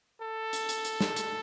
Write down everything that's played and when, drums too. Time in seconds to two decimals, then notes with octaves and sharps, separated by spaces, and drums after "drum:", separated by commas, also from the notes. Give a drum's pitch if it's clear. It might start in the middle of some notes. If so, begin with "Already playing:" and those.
0.22 A4
0.53 drum: hi-hat
0.69 drum: hi-hat
0.85 drum: hi-hat
1.00 drum: snare
1.16 drum: hi-hat